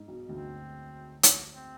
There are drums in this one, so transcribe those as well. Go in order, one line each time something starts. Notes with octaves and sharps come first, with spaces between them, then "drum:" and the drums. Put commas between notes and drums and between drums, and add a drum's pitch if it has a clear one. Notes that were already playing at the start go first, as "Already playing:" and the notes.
Already playing: G#2
B1 B2
D2 D3 C4
drum: hi-hat
C4